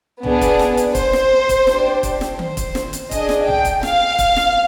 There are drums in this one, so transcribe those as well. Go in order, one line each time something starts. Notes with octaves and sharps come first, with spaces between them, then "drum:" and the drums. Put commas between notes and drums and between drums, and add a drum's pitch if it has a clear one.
B3 D4 G#4, drum: tom
drum: kick, hi-hat
drum: snare
drum: hi-hat
C5, drum: kick, hi-hat
drum: snare
drum: kick, hi-hat
D4 G4, drum: snare
drum: kick, hi-hat
drum: snare
C5, drum: tom D#3
drum: kick, hi-hat
drum: snare
drum: hi-hat
D4 G#4 D#5, drum: kick, hi-hat
drum: snare
G5, drum: tom
drum: kick, hi-hat
F5, drum: snare
drum: kick, hi-hat
drum: snare